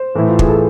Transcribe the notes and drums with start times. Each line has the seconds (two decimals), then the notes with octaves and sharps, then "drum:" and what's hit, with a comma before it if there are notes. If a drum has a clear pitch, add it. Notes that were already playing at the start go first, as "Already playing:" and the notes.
Already playing: C5
0.14 A2 E3 A3 E4
0.29 F4
0.39 G#4, drum: kick
0.48 A4